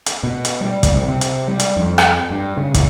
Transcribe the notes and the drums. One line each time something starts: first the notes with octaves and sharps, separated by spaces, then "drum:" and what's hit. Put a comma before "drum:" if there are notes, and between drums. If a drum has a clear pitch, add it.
drum: hi-hat
B2
drum: hi-hat
G3
drum: kick, hi-hat
C2
C3
drum: hi-hat
G3
drum: hi-hat
F2
drum: rim click
G2
C#3
E2, drum: kick, hi-hat